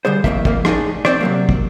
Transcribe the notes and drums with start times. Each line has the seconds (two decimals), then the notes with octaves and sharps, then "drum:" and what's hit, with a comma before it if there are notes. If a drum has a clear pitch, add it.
0.05 D3 G3 G#4 C5
0.24 F2 A2 F3 A#3 E5, drum: kick
0.45 F2 A#3, drum: kick
0.65 A2 D4 D#4 G4 G#4, drum: rim click
1.05 C4 C5 D5, drum: rim click
1.21 C3 F#3 A#3
1.49 drum: kick